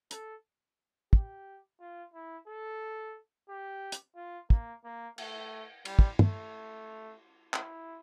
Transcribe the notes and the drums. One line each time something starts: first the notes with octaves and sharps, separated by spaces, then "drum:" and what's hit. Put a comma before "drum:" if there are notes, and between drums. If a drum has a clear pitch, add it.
A4, drum: hi-hat
G4, drum: kick
F4
E4
A4
G4
drum: hi-hat
F4
A#3, drum: kick
A#3
A3, drum: cymbal
G3, drum: cymbal
drum: kick
A3, drum: tom
E4, drum: clap